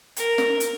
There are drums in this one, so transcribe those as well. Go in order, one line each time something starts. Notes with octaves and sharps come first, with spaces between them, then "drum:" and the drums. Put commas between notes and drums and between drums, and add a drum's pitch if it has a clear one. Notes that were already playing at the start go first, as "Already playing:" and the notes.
A#4, drum: hi-hat
drum: snare
drum: hi-hat